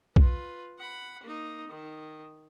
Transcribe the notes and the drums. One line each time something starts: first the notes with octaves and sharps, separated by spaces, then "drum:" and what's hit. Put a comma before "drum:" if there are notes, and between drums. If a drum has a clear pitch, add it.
F4 B4, drum: kick B1
F#5 B5
A#3 D#4
D#3